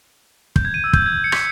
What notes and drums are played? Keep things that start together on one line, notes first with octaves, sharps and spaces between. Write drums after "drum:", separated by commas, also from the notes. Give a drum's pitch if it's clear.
G6, drum: kick
G#6
D#7
E6
G6, drum: kick
G#6
C#7
B6, drum: rim click